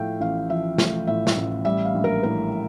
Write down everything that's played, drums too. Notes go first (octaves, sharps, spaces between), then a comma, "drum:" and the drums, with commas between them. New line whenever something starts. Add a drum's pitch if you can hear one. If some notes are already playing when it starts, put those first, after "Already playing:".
Already playing: A2 F3 A3 E5 F5 G5
A1 F5
F3 E5
A3, drum: snare
A2 E5
E5, drum: snare
A1
G3 E5
F5
A#1
A#4
A2 A#4